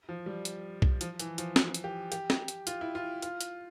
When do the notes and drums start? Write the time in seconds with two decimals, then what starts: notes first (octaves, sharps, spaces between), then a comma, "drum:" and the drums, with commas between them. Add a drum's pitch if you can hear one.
0.09 F3
0.26 G3
0.45 drum: hi-hat
0.82 drum: kick B1
1.01 F3, drum: hi-hat
1.20 E3, drum: hi-hat
1.38 F3, drum: hi-hat
1.56 drum: snare
1.74 drum: hi-hat
1.84 G4
2.12 G4, drum: hi-hat
2.30 drum: snare
2.48 drum: hi-hat
2.67 F4, drum: hi-hat
2.81 E4
2.95 F4
3.22 F4, drum: hi-hat
3.41 drum: hi-hat